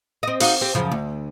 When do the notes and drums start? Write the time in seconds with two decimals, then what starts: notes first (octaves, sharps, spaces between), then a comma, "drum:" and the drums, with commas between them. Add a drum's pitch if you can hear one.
0.23 C4 D#5
0.40 D#4 F#4 F5, drum: open hi-hat
0.61 C4 G4
0.75 F#2 C#3 F3
0.92 D2